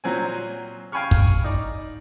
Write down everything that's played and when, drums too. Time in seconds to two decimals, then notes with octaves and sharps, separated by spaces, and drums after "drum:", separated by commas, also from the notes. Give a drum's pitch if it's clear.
0.04 A#2 F#3 C4 G#5
0.92 F5 G5 G#5 B5 C#6 F6
1.11 drum: kick
1.44 D#4 D5